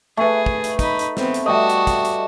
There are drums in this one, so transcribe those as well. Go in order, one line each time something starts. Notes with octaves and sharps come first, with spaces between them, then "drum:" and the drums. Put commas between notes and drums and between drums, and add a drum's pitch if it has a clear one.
A3 G#4 B4
drum: kick
drum: hi-hat
D#4 B5, drum: kick, hi-hat
drum: hi-hat
B3 C4, drum: snare
drum: hi-hat
G3 A3 F#4 D#5 A5
drum: hi-hat
drum: kick, hi-hat
drum: hi-hat